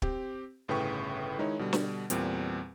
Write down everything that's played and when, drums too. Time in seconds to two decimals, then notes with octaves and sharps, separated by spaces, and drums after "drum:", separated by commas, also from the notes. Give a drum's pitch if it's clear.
0.02 C4 G4, drum: kick
0.68 G1 A2 C#3 B4 G5 C#6
1.38 D#3 G#3 D#4 E4 C#5
1.59 B2 D3 G3
1.73 drum: snare
2.10 E2 A#2 G3 C4, drum: hi-hat